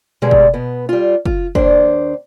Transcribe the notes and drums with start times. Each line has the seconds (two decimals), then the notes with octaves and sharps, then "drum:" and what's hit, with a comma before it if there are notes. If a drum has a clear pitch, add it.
0.22 B2 D3 G3 G#3
0.31 drum: kick
0.54 B2 B3
0.89 G3 F4
1.26 F4, drum: kick
1.55 D#2 D4 C5, drum: kick